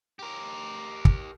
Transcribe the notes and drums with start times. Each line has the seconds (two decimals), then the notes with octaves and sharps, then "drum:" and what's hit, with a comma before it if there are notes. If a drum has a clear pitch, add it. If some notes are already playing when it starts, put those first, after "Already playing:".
0.19 G4 A#4
1.05 drum: kick